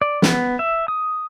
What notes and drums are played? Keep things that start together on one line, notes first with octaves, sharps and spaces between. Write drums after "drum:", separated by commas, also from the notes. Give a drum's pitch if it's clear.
D5
B3, drum: snare
E5
D#6